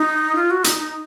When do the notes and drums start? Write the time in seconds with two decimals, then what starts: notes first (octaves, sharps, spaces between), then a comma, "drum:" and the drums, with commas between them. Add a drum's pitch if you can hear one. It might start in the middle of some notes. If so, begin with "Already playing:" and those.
Already playing: D#4
0.36 F4
0.51 F#4
0.64 D#4, drum: hi-hat
0.79 D#4